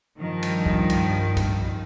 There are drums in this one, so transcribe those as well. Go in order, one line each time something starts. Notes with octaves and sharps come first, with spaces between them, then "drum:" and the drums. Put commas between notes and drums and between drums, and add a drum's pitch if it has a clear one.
G2 D#3 F3
drum: cymbal
drum: kick C2
drum: cymbal
drum: kick C2, cymbal